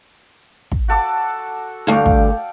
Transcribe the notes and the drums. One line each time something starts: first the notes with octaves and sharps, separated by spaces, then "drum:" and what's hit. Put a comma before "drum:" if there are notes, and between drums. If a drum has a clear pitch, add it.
drum: kick
F#4 A4 D6
D2 G2 D5 F5 G5
drum: kick